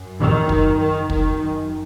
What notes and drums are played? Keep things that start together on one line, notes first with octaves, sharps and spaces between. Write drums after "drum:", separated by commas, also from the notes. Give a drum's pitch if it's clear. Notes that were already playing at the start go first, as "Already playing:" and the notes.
Already playing: F#2
D#3
drum: kick
D#3
F#2 D#3, drum: kick